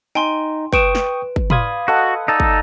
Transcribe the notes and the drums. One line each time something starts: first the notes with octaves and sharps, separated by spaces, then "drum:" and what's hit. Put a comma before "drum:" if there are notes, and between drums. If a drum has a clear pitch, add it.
D#4 G5 G#5 C6
B4 G5 C#6 D#6 D7 E7, drum: kick
drum: snare
drum: kick
D5 F5 B5 C6 D#6 G#6, drum: tom
F#4 A4 D#5 F#5
D#4 A4 D5
drum: kick